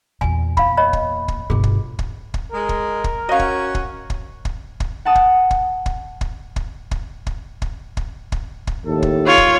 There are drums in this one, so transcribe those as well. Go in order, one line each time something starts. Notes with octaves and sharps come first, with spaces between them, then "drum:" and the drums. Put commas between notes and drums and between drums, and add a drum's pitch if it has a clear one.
E2 A#2 G#5
F5 B5, drum: kick
C#5 D#5 B5
drum: kick
drum: kick
G1 B2 G#4
drum: kick
drum: kick
drum: kick
G#3 A#4
drum: kick
drum: kick
C#4 F#4 D#5 F5
drum: kick
drum: kick
drum: kick
drum: kick
drum: kick
F#5 A5 D#6
drum: kick
drum: kick
drum: kick
drum: kick
drum: kick
drum: kick
drum: kick
drum: kick
drum: kick
drum: kick
drum: kick
D#2 A2 A4
drum: kick
F4 C#5
drum: kick